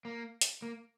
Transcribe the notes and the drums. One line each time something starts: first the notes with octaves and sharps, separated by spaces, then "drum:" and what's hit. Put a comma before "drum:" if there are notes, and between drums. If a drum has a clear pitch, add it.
A#3
drum: hi-hat
A#3